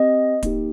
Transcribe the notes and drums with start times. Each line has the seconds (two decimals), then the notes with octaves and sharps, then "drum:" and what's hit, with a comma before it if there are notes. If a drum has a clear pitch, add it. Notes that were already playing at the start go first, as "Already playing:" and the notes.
Already playing: C4 G4 D#5
0.43 A#3 D#4 G4, drum: kick D1, hi-hat